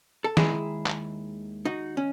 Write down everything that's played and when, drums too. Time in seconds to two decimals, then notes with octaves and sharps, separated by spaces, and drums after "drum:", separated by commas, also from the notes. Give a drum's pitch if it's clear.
0.24 A4
0.37 D#2 D#3 G#3 E4 G#4, drum: snare
0.86 drum: clap
1.65 D#4 F#4
1.97 C#4